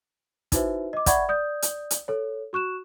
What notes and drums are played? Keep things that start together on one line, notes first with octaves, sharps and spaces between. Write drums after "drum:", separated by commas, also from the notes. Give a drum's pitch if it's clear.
D#4 E4 F#4 B4 C5 E5, drum: kick, hi-hat
D#5 D6
D5 E5 F#5 B5 C#6 G#6, drum: kick, hi-hat
D5 D#6 G6
drum: hi-hat
drum: hi-hat
A4 C#5
F#4 C#6 F#6 E7